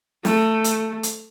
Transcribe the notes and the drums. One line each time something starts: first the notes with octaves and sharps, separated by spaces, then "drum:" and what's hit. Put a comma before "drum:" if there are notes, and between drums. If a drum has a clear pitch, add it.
A3, drum: snare
drum: hi-hat
drum: hi-hat